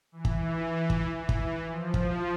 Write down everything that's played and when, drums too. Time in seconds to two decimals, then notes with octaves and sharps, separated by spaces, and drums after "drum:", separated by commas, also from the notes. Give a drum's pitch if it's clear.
0.12 E3
0.25 drum: kick
0.90 drum: kick
1.15 E3
1.29 drum: kick
1.68 F3
1.94 drum: kick